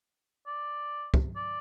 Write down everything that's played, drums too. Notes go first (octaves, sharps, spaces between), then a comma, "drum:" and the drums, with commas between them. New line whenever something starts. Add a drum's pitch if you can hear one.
D5
drum: kick
D5